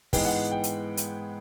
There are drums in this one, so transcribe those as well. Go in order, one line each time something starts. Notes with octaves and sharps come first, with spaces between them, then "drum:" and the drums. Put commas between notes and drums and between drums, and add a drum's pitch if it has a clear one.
G#2 E3 G#3 B3 G5, drum: kick, open hi-hat
F#5
G5
drum: hi-hat
drum: hi-hat